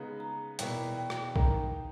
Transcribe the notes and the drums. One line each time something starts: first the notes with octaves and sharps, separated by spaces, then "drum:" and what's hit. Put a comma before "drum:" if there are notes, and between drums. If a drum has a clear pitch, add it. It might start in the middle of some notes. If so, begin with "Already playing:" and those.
Already playing: C#3 G#3 B3 D#4
A#5
E2 B2 A#3 E4 G5, drum: hi-hat
G5
drum: rim click
D#3 A#3 D#4 G5, drum: kick B1